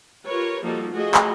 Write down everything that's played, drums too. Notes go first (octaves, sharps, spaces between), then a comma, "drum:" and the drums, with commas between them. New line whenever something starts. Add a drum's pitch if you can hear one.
F4 G4 A#4 B4 C#5
F3 G3 A#3 D#4 F#4 A4
A3 F4 F#4 G#4 D#5
drum: clap